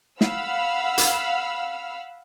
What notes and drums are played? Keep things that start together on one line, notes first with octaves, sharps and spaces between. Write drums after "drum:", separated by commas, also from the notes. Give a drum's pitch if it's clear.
F5 F#5 B5 E6 F6, drum: snare
drum: hi-hat